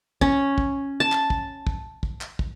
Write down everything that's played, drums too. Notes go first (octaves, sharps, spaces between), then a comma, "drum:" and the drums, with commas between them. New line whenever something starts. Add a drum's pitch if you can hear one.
C#4, drum: kick
drum: kick
A5
drum: clap
drum: kick
drum: kick
drum: kick
drum: clap
drum: kick